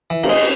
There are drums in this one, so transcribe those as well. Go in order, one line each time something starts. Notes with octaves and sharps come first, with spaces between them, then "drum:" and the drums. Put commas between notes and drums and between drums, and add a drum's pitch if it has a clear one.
E3
A#3, drum: cymbal
G#3